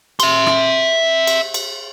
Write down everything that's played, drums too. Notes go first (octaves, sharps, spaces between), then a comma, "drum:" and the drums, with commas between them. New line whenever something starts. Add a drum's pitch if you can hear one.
E5 C6, drum: cymbal
drum: rim click
drum: cymbal
drum: cymbal